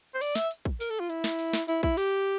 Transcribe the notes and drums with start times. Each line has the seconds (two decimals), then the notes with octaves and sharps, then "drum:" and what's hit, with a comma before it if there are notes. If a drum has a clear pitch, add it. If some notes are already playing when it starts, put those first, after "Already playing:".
0.14 C5
0.21 D5, drum: open hi-hat
0.35 E5, drum: snare
0.51 drum: hi-hat
0.65 drum: kick
0.80 A#4, drum: open hi-hat
0.90 A4
1.00 F4
1.10 E4, drum: hi-hat
1.24 drum: snare
1.39 drum: open hi-hat
1.53 drum: snare
1.68 E4, drum: hi-hat
1.83 E4, drum: kick
1.97 G4, drum: open hi-hat